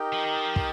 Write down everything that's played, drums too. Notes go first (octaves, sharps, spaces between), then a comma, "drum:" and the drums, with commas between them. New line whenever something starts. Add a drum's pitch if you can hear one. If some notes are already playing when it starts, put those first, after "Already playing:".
Already playing: D#4 G4 A#4 D#5 G5
F3
D#3
F3
drum: kick